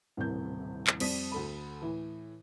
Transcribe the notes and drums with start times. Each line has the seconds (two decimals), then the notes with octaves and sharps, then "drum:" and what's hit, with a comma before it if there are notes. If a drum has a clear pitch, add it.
0.17 D#1 A1 A2 C3 A#4 G6
0.87 drum: clap
1.00 F2 G3 C4 D5 D#6 B6, drum: cymbal
1.32 D2 A4 B5
1.82 A2 E3